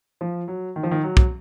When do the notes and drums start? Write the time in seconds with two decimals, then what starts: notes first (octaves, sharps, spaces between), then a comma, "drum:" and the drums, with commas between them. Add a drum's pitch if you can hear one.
0.21 F3
0.48 F#3
0.76 D#3
0.83 F3
0.91 D#3
1.04 F#3
1.17 drum: kick